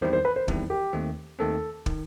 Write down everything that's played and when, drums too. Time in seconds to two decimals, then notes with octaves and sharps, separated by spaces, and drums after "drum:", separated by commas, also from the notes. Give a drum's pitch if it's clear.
0.01 E2 D#3 G3 C4 E4 C5
0.13 C5
0.25 B4
0.36 C5
0.48 E2 D#3 G3 C4 E4, drum: kick
0.70 G4
0.93 D#2 D#3 A3 C4
1.39 D#2 D#3 A3 C4 A4
1.86 D#3, drum: kick